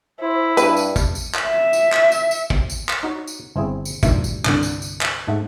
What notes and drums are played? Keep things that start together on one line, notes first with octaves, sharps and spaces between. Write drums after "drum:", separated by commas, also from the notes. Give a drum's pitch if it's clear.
E4 C5
G2 B4, drum: tambourine
drum: tambourine
drum: kick, tambourine
drum: tambourine
drum: clap
E5
drum: tambourine
drum: clap
drum: tambourine
drum: tambourine
drum: kick
drum: tambourine
drum: clap
D#4 F#4 C#5
drum: tambourine
G1 C4 E4 G#4
drum: tambourine
D2 G2 A#2 D#3 E5, drum: kick, tambourine
drum: tambourine
C2 G2 D3, drum: clap
drum: tambourine
drum: tambourine
drum: clap
G#2 A3 F#5